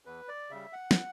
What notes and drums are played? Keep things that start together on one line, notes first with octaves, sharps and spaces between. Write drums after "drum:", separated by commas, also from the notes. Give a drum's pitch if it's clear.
E2 B4
D5
C#3 G3 E5
F#5
drum: snare